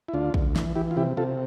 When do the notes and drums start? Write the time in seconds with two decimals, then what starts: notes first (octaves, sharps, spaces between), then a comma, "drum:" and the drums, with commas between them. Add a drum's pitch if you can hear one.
0.08 E4
0.13 D2 D4 F4
0.34 D2, drum: kick
0.56 E3, drum: snare
0.75 E3 E4 G4
0.91 F4
0.96 C3 E4 G4
1.17 C3 F4 A4